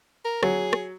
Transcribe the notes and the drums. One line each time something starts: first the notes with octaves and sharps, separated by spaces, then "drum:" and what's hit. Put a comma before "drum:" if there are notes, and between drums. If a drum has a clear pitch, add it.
A#4
F#3 G#4, drum: rim click
drum: rim click